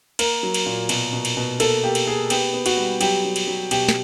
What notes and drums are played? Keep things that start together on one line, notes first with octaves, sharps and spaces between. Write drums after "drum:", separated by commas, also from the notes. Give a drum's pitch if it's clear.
A#3 A#4, drum: cymbal
F#3
drum: cymbal
A#2
B2, drum: cymbal
B2
drum: cymbal
B2
A#3 A4, drum: cymbal
A#3 G4
drum: cymbal
A#3 G#4
B3 G4, drum: cymbal
B3
F#4, drum: cymbal
G3
F#3 G4, drum: cymbal
F#3
drum: cymbal
F#3
B2 G4, drum: cymbal
drum: snare